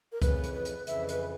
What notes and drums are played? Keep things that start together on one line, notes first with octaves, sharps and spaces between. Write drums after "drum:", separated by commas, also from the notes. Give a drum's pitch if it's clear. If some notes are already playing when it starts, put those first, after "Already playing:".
A#4
F2 C#3 E3 B4, drum: kick C#2, hi-hat
drum: hi-hat
B4
drum: hi-hat
F2 C#3 E3 E5, drum: hi-hat
B4, drum: hi-hat